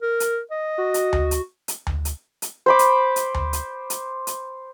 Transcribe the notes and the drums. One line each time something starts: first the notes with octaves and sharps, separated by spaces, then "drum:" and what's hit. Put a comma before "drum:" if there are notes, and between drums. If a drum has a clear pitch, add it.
A#4
drum: hi-hat
D#5
F#4
drum: hi-hat
drum: tom D2
drum: hi-hat
drum: hi-hat
drum: tom D2
drum: hi-hat
drum: hi-hat
C5 B5 D6
drum: hi-hat
drum: hi-hat
drum: tom D2
drum: hi-hat
drum: hi-hat
drum: hi-hat